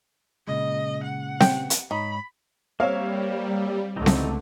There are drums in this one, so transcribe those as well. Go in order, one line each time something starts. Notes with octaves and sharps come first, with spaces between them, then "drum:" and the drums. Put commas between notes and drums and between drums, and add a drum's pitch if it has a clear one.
A#2 C#3 G#3 D#5
F#5
G5, drum: snare C4
drum: hi-hat
G#2 D#4 C#5 B5
G3 A#3 C4 A#4 C#5 E5 F5
C#2 D3 E3 A3 C4 D#4
drum: snare C4